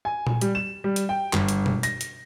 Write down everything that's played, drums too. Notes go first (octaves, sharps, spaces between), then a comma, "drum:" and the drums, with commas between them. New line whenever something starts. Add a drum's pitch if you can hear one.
G#5
drum: tom A#2
G3, drum: hi-hat
E7
G3
drum: hi-hat
G5
G1, drum: clap
drum: hi-hat
drum: tom B2
A#6, drum: hi-hat
drum: hi-hat